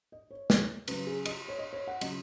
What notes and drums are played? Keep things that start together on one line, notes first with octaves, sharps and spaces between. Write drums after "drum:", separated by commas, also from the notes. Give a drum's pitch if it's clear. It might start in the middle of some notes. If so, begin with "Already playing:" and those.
D#5
C#5
drum: snare
C#3 F#3 B4, drum: cymbal
G#4
D#5, drum: cymbal
C#5
D#5
C#5
F#5
C#3 F#3 D#5, drum: cymbal